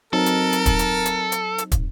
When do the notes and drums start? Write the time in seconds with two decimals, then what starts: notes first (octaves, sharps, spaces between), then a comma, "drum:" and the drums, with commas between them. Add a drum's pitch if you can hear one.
0.13 F#3 C4 D#4 A4 A#4
0.26 drum: hi-hat
0.53 drum: hi-hat
0.66 drum: kick, hi-hat
0.79 drum: hi-hat
1.05 drum: hi-hat
1.32 drum: hi-hat
1.58 drum: hi-hat
1.72 drum: kick, hi-hat